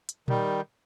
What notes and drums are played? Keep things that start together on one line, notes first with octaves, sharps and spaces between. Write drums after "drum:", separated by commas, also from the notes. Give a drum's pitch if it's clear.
drum: hi-hat
D#3 G3, drum: tom A#2